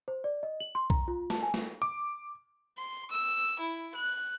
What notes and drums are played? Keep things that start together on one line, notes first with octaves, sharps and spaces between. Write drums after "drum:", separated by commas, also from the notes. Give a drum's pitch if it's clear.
C5
D5
D#5
F#7
C6
A#5, drum: kick B1
F4
A5, drum: snare
G#5
drum: snare
D6
C6
E6
E4
F#6